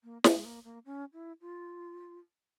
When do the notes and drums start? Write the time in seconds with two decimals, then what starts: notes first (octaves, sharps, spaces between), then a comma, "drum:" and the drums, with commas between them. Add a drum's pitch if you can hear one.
0.04 A#3
0.24 C4, drum: snare
0.37 G#3
0.45 A#3
0.64 A#3
0.86 C#4
1.13 E4
1.41 F4